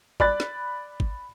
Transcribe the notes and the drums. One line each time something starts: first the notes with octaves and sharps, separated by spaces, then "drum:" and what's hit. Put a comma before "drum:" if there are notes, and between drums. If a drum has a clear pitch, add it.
D5 B5 F#6 A6, drum: kick
drum: snare
drum: kick